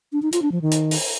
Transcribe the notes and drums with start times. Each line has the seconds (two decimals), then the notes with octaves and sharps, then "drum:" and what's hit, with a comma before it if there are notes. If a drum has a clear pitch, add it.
0.12 D4
0.22 D#4
0.32 F4, drum: hi-hat
0.42 D4
0.52 F3
0.62 D#3
0.71 drum: hi-hat
0.91 drum: open hi-hat